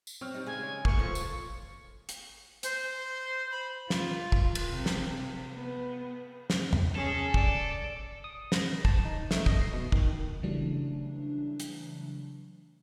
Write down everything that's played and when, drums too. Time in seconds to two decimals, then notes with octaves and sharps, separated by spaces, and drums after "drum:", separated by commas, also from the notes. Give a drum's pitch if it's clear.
0.07 drum: tambourine
0.21 F#3 C4 C#6 F6
0.34 G3 D#4
0.46 C#3 G#3 G#5
0.63 C#5
0.85 B1 A#3 C#6, drum: kick
0.99 E2 F3 F4 A4
1.15 drum: tambourine
2.09 drum: hi-hat
2.63 C5, drum: hi-hat
3.51 B5
3.90 F4, drum: snare
4.32 drum: kick
4.55 drum: cymbal
4.71 C3
4.86 drum: snare
5.54 B3
6.50 drum: snare
6.73 drum: tom E2
6.95 C#4 G#4 A4
7.34 D5, drum: kick
8.24 D#6
8.52 A#6, drum: snare
8.85 A5, drum: kick
9.05 D#4
9.31 A3, drum: snare
9.46 D#5, drum: kick
9.61 C7
9.73 B2
9.92 D#3, drum: kick
10.43 C#3 E3 F#3 G3 A3 D4
11.60 drum: hi-hat